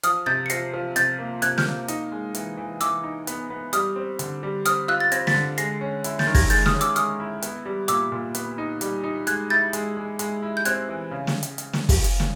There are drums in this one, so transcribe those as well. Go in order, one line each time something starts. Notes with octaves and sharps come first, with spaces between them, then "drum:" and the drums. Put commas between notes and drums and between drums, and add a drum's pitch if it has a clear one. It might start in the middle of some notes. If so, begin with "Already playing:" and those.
F3 D#6 F6, drum: hi-hat
C3 G6 A6
C#7
F3 A#6 C7, drum: hi-hat
F3
C3 G6 A6, drum: hi-hat
A#3
C3 F#6 G#6, drum: hi-hat
F6 G6, drum: snare
A#3
D#4, drum: hi-hat
G#3
E3, drum: hi-hat
E3
E3 D6 E6, drum: hi-hat
D#4
B3, drum: hi-hat
B3
G3 D#6 F6, drum: hi-hat
C4
D3, drum: hi-hat
G3
C4 D#6 F6, drum: hi-hat
F4 E6 F#6
A6
C4 G#6 A#6, drum: hi-hat
A6 B6, drum: snare
D3
G#3 A#6 C7, drum: hi-hat
C#4
E4, drum: hi-hat
G6 A6, drum: snare
D#3
G#6 A#6, drum: kick, open hi-hat
G#3 G6 A6, drum: hi-hat
D#6 F6, drum: snare
C#4
D6 E6, drum: hi-hat
G#3 D#6 F6, drum: hi-hat
E4
B3, drum: hi-hat
G3
A#2 D6 E6, drum: hi-hat
A#2
B3, drum: hi-hat
D#4
G3, drum: hi-hat
D#4
G#3 F#6 G#6, drum: hi-hat
E4 G6 A6
G#3, drum: hi-hat
G#3
G#3, drum: hi-hat
E4
G6
C4 F#6 G#6, drum: hi-hat
E3
C#3
drum: snare
drum: hi-hat
drum: hi-hat
drum: snare
drum: kick, open hi-hat
drum: hi-hat
drum: snare